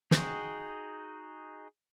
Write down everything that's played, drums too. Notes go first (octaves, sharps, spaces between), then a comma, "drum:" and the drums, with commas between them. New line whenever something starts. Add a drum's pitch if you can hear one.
D#4 F#4 G#4 G5, drum: snare